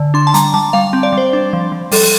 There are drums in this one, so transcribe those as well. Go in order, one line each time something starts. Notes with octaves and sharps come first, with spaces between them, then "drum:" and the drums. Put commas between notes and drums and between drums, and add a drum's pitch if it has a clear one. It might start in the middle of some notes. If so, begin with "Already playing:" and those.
Already playing: D3
D4 C6
A5
G3 A#5, drum: hi-hat
G3 A5
G3 F5
C4
D5
G3 C5
D4
F3
F3
G3 A4, drum: open hi-hat